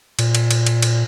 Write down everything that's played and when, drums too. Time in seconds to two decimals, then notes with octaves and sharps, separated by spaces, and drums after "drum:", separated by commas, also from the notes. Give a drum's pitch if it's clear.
0.19 A#2, drum: cymbal
0.35 drum: cymbal
0.51 drum: cymbal
0.66 drum: cymbal
0.82 drum: cymbal